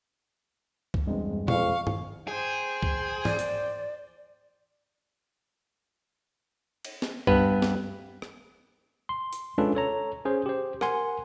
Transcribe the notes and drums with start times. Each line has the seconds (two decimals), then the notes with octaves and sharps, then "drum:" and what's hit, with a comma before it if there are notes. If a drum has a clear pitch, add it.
0.94 drum: kick C#2
1.06 E2 G2 G#3 C4
1.48 F2 F5 C#6, drum: tom A#2
1.87 drum: tom G2
2.28 G#4 C5 G5
2.83 drum: kick C#2
3.25 D5, drum: tom G#2
3.39 drum: hi-hat
6.85 drum: cymbal
7.02 drum: snare
7.27 G2 B3 B4, drum: kick C#2
7.62 drum: snare
8.22 drum: rim click
9.09 C6
9.33 drum: hi-hat
9.58 G#3 C#4 D4 F4 A4 B4
9.75 A4 C#5 A#5
10.25 C#4 G#4 C5
10.46 G4 C5
10.81 A#4 F#5 G#5 C6, drum: rim click